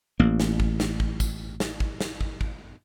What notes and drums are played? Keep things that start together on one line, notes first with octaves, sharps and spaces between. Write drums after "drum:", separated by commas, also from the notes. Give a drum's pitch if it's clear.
A1 A#3
drum: snare
drum: kick
drum: snare
drum: kick
drum: kick, tambourine
drum: snare
drum: kick
drum: snare
drum: kick
drum: kick